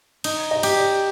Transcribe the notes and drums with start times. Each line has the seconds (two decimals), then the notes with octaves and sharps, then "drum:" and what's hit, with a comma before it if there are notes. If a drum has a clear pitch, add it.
0.24 D#4, drum: cymbal
0.51 D#5
0.63 G4, drum: cymbal
0.77 D5